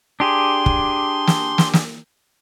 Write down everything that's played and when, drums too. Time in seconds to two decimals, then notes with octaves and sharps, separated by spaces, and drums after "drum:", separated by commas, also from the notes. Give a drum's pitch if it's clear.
0.20 D4 G4 G#4 C6
0.66 drum: kick
1.27 drum: snare
1.58 drum: snare
1.73 drum: snare